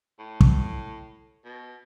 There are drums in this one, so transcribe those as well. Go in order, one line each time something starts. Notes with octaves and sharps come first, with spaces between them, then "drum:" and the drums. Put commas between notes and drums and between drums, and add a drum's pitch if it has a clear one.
A2
drum: kick
B2